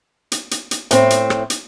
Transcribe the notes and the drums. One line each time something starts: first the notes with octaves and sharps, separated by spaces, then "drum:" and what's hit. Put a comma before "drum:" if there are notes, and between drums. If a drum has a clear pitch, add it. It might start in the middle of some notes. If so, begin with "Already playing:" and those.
drum: hi-hat
drum: hi-hat
drum: hi-hat
A2 C4, drum: hi-hat
drum: hi-hat
drum: rim click
drum: hi-hat